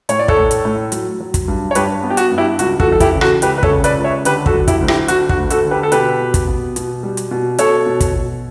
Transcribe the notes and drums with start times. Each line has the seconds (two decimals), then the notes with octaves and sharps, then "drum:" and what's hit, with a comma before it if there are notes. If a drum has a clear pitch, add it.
0.09 A2 C#5, drum: hi-hat
0.19 D5
0.28 A4 C#5, drum: kick
0.37 A2
0.51 drum: hi-hat
0.65 A2
0.92 F#3, drum: hi-hat
1.20 F#3
1.34 drum: kick, hi-hat
1.48 G2
1.71 C#5
1.75 G2 G4 B4, drum: hi-hat
2.03 B3
2.10 G4
2.17 F#4, drum: hi-hat
2.31 G2
2.38 E4 G4
2.59 C#2 F#4, drum: hi-hat
2.80 F#4 A4, drum: kick
2.87 E3
2.92 A4
3.00 E4 G4, drum: kick, hi-hat
3.15 C#3
3.21 F#4 A4, drum: rim click
3.42 C#2 G4 B4, drum: hi-hat
3.58 B4
3.63 A4 C#5, drum: kick
3.70 C#3
3.84 B4 D5, drum: hi-hat
3.97 C#2
4.04 C#5 E5
4.25 D3 G4 B4, drum: hi-hat
4.46 F#4 A4, drum: kick
4.54 F#3
4.68 E4 G4, drum: kick, hi-hat
4.81 D2
4.88 E4 G4, drum: rim click
5.08 D3 F#4, drum: hi-hat
5.29 F#4, drum: kick
5.37 D2
5.50 F#4 A4, drum: hi-hat
5.65 D3
5.71 G4 B4
5.83 A4
5.92 B2 G4 B4, drum: hi-hat
6.20 B2
6.34 drum: kick, hi-hat
6.47 B3
6.76 B2, drum: hi-hat
7.03 G3
7.17 drum: hi-hat
7.31 B2
7.58 B2 A4 C#5, drum: hi-hat
7.86 B2
8.01 drum: kick, hi-hat
8.14 B2